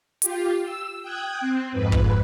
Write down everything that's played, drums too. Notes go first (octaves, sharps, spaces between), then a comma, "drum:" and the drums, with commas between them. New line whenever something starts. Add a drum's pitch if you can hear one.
F4 G4, drum: hi-hat
E6
G5 D#6 F#6 G#6
C4
F2 G#2 B4
drum: kick